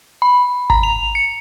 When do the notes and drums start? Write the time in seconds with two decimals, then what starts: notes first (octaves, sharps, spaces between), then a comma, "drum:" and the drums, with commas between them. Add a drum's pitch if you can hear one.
0.22 B5
0.70 A#5, drum: kick G#1
0.83 F7
1.15 C#7